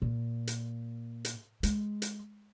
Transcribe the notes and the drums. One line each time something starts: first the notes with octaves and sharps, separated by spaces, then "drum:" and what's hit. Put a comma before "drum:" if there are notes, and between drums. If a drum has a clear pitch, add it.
A#2
drum: hi-hat
drum: hi-hat
G#3, drum: hi-hat
drum: hi-hat